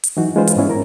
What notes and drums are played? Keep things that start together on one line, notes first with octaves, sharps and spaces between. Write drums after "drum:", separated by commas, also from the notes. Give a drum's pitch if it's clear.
drum: hi-hat
E3 F#3 D#4 F#4
E3 G#3 C#4 F4 B4 C5
drum: hi-hat
G#2 B3 C#4 E4
A#4 A#5